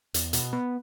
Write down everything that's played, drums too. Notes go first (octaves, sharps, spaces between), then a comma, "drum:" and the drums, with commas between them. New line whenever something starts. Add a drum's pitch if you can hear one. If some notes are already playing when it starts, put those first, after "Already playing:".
E2, drum: hi-hat
B2, drum: hi-hat
B3